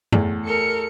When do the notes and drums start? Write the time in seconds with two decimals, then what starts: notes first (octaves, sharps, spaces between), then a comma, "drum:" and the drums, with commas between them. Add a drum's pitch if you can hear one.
0.12 E2 A2, drum: tom F#2
0.45 A4 A#4 C#7